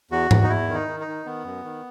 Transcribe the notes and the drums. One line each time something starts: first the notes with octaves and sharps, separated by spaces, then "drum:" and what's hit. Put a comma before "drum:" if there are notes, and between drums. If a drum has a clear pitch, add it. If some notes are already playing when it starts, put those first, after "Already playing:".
E2 F#4
E2, drum: tom G#2
D#4
E2 E4
D#3
D#4
D#3
D#4
D#3
D#3 B3
F#2
D#3